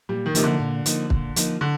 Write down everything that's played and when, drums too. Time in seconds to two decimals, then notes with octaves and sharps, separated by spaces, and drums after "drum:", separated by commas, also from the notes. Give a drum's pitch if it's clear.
0.09 A#2 G3
0.26 D#3
0.35 C3 F3 A#3 D#4, drum: hi-hat
0.44 D3
0.60 A#2
0.86 F3 A#3 D#4, drum: hi-hat
1.10 A#2, drum: kick
1.36 F3 A#3 D#4, drum: hi-hat
1.61 D3